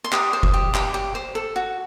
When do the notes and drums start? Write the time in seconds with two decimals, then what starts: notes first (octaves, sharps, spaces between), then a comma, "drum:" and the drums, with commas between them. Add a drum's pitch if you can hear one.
0.04 C6
0.12 G4 D#6, drum: clap
0.33 C5
0.43 drum: kick F#1
0.54 G4
0.74 G4, drum: clap
0.94 G4
1.15 C5
1.35 A4
1.56 F#4